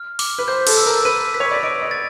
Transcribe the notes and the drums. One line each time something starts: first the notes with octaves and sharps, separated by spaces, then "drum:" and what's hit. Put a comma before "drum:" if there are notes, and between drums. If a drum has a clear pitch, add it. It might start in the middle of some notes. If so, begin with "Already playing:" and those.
Already playing: F6
D6, drum: open hi-hat
B4
C5 G6
A4, drum: cymbal
E6
A#4
B4 D#7
B6
C#5
D5
D#5 D7
D#5
A6